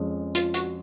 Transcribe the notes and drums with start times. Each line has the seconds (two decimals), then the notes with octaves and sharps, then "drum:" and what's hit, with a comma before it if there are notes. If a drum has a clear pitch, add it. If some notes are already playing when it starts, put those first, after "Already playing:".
Already playing: F2 F3 G#3 C#4
0.35 F4, drum: hi-hat
0.54 F#4, drum: hi-hat